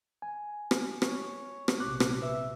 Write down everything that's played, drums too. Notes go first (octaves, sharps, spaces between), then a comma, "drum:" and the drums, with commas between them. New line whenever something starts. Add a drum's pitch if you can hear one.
G#5
drum: rim click
C#5, drum: rim click
drum: rim click
A#1 C3 D6 F#6
drum: rim click
B4 E5